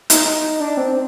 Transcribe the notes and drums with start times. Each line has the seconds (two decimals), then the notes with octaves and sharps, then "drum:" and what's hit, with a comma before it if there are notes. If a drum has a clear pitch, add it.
0.10 D#4, drum: hi-hat
0.27 D#4
0.60 D4
0.77 C4